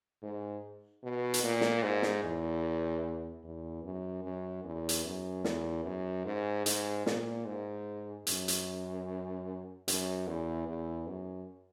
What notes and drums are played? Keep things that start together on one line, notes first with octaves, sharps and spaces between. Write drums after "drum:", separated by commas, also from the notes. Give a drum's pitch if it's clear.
G#2
B2
drum: hi-hat
A#2
drum: snare
G#2
drum: snare
E2
E2
F#2
F#2
E2
drum: hi-hat
F#2
E2, drum: snare
F#2
G#2
G#2, drum: hi-hat
A#2, drum: snare
G#2
F#2, drum: hi-hat
drum: hi-hat
F#2, drum: hi-hat
E2
E2
F#2